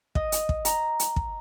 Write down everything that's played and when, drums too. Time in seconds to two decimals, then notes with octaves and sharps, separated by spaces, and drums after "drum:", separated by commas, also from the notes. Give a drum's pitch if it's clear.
0.15 D#5, drum: kick
0.32 drum: hi-hat
0.49 drum: kick
0.65 A#5, drum: hi-hat
1.00 drum: hi-hat
1.16 drum: kick